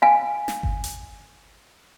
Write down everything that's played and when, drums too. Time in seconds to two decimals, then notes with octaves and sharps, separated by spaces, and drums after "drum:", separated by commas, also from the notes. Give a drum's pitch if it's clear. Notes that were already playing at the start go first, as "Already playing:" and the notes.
0.02 F5 G#5
0.48 drum: snare
0.63 drum: kick G1
0.84 drum: hi-hat